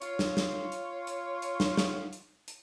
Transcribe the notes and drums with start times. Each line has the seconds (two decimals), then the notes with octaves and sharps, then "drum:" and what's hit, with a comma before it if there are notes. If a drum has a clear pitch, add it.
0.02 F4 C#5, drum: hi-hat
0.19 drum: snare
0.37 drum: snare
0.72 drum: hi-hat
1.07 drum: hi-hat
1.42 drum: hi-hat
1.60 drum: snare
1.77 drum: snare
2.13 drum: hi-hat
2.48 drum: hi-hat